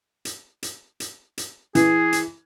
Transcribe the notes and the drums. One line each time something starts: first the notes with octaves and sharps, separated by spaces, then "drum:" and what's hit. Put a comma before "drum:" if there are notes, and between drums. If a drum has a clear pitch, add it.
drum: hi-hat
drum: hi-hat
drum: hi-hat
drum: hi-hat
E3 G#4, drum: hi-hat
drum: hi-hat